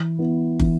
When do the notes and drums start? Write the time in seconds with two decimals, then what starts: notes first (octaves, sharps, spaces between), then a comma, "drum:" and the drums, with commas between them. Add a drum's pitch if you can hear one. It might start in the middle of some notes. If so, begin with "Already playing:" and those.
Already playing: E3
0.19 B3 E4
0.60 E3, drum: kick